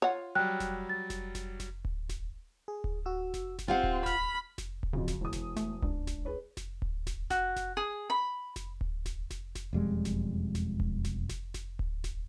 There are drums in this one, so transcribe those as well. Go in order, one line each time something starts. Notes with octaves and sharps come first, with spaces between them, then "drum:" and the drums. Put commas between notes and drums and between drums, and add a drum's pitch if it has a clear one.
F4 C#5 F#5
F#3 G3 G5 F6 F#6
drum: snare F1
A6
drum: snare F1
drum: snare F1
drum: snare F1
drum: kick D1
drum: snare F1
G#4
drum: kick D1
F#4 E6
drum: snare F1
drum: snare F1
C4 F4 G4 F5 F#5
drum: kick D1
B5 F6, drum: snare F1
drum: snare F1
drum: kick D1
F2 C#3 F3 F#3
drum: snare F1
E1 D#6
drum: snare F1
A3, drum: snare F1
C#2 D4, drum: kick D1
drum: snare F1
G#4 B4 C#5
drum: snare F1
drum: kick D1
drum: snare F1
F#4, drum: snare F1
drum: snare F1
G#4
B5
drum: snare F1
drum: kick D1
drum: snare F1
drum: snare F1
drum: snare F1
E1 F2 G3 G#3
drum: snare F1
drum: snare F1
drum: kick D1
drum: snare F1
drum: snare F1
drum: snare F1
drum: kick D1
drum: snare F1